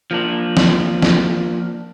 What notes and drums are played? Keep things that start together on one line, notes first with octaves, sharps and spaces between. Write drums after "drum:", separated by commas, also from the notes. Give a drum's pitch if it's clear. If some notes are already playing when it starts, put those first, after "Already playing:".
F3 A#3 D4
drum: snare
drum: snare